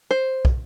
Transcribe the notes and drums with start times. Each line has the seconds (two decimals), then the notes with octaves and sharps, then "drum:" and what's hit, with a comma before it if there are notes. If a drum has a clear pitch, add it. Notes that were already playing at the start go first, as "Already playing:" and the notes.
0.11 C5
0.45 drum: kick